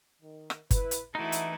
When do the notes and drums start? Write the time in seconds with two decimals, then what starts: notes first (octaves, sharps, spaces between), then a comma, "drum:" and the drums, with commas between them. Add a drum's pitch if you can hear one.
0.22 D#3
0.50 drum: rim click
0.71 E4 B4, drum: kick G1, hi-hat
0.91 drum: hi-hat
1.15 E3 G#3 A3 C#4 D#4 E4 F#4
1.32 drum: hi-hat